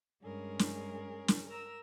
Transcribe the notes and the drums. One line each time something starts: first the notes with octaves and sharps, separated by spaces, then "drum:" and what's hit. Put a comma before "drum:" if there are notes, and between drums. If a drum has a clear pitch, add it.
G2 G#3 C#4 G#4 A#4
drum: snare
drum: snare
A#4 A#5 E6